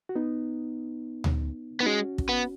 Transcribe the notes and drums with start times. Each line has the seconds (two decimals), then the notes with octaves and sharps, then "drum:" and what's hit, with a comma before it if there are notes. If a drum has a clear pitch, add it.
0.09 F#4
0.15 B3 D#4
1.24 drum: tom D2
1.80 B3 D#4
1.86 G#3 C#4 F#4
2.18 drum: kick
2.29 B3